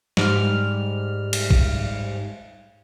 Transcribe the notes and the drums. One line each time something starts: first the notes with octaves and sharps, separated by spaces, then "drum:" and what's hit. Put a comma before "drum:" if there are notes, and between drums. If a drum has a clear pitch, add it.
G#2 G3 F6, drum: snare
drum: cymbal
drum: kick